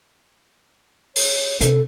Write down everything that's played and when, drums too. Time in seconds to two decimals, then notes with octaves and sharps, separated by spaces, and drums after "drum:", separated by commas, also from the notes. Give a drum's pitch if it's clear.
1.16 C#5, drum: open hi-hat
1.61 C3 A4, drum: hi-hat